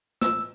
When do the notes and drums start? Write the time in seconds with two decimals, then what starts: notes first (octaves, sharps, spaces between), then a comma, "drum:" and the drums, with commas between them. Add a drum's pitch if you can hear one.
0.21 E6, drum: snare